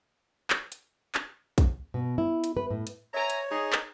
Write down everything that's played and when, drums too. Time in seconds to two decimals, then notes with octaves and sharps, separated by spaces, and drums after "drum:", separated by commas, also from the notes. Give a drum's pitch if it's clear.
0.50 drum: clap
0.72 drum: hi-hat
1.15 drum: clap
1.58 drum: kick, hi-hat
1.94 B2
2.18 E4
2.44 drum: hi-hat
2.57 B4
2.70 A2
2.87 drum: hi-hat
3.14 C#5 E5 G#5 A#5
3.30 drum: hi-hat
3.51 D#4 G#4
3.73 drum: clap